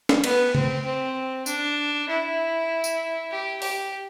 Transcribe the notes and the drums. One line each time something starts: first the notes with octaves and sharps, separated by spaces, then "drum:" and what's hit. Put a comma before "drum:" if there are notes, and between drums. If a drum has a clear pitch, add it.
drum: snare
B3, drum: cymbal
C4, drum: tom C#3
C4
D4, drum: tambourine
E4
drum: tambourine
G4
G4, drum: open hi-hat